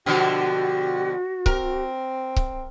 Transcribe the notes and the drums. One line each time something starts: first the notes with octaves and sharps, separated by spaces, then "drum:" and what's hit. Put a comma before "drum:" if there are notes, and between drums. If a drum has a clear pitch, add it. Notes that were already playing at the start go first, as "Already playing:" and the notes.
B2 D3 F3 F#4 G4
C4 A#4, drum: kick C#1
drum: kick C#1